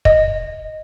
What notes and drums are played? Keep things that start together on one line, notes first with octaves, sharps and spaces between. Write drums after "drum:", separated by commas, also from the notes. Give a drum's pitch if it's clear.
D#5, drum: kick